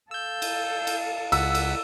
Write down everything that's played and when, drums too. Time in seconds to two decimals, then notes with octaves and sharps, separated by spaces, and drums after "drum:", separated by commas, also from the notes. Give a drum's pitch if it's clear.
0.11 A4 F5 E6 G6
0.42 drum: cymbal
0.87 drum: cymbal
1.32 C#2 F#5 E6 B6, drum: cymbal
1.55 drum: cymbal